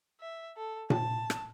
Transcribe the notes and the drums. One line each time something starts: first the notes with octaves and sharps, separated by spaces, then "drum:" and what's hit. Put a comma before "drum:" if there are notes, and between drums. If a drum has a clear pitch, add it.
E5
A4
A5, drum: tom A#2
drum: rim click